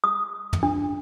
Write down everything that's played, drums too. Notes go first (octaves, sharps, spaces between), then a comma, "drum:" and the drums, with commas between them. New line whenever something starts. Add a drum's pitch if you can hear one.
D#6
drum: tom
D4